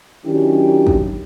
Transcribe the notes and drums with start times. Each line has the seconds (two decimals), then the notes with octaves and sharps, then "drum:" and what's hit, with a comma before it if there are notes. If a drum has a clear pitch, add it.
0.24 D#3 F#3 C#4 D4 E4 G4
0.87 drum: kick